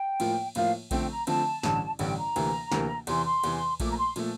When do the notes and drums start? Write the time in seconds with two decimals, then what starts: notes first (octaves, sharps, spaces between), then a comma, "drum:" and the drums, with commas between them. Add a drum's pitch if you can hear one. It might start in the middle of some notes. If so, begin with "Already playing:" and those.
Already playing: G5
0.20 A2 F3 A#3 F4, drum: cymbal
0.55 A2 F3 A#3 F4 F5, drum: cymbal
0.91 D3 F3 A3 C4 G5, drum: kick A#1, cymbal
1.10 A#5
1.27 D3 F3 A3 C4 A5, drum: cymbal
1.63 A1 G2 D3, drum: snare
1.99 A1 G2 D3 G5, drum: cymbal
2.18 A#5
2.36 D2 C3 E3 A#3, drum: cymbal
2.72 D2 C3 E3 A#3, drum: snare
3.07 E2 C3 E3 C6, drum: cymbal
3.25 C6
3.43 E2 C3 E3, drum: cymbal
3.80 A#2 F3 A3 D6, drum: kick A#1, cymbal
3.91 A#5
3.97 C6
4.16 A#2 F3 A3, drum: cymbal